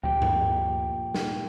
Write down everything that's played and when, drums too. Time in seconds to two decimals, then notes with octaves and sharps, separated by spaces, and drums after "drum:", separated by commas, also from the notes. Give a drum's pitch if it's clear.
0.03 D2 A#2 F3 G4 G5
0.22 drum: tom G2
1.14 drum: snare